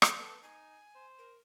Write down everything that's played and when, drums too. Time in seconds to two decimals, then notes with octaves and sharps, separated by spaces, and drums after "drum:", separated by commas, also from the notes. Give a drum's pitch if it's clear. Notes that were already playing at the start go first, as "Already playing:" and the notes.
0.02 drum: rim click
0.18 A4 B4
0.43 D#4 G#5
0.95 C5
1.18 A#4